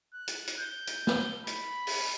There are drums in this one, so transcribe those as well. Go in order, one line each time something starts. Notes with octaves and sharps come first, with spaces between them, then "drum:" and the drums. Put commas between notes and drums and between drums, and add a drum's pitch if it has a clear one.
F#6
drum: hi-hat
drum: hi-hat
G6
drum: hi-hat
drum: snare
B5, drum: hi-hat
drum: open hi-hat